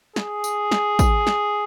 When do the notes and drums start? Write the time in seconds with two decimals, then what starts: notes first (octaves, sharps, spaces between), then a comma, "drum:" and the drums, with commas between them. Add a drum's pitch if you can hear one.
0.16 G#4, drum: snare
0.44 drum: tambourine
0.71 drum: snare
0.99 drum: kick, tambourine
1.27 drum: snare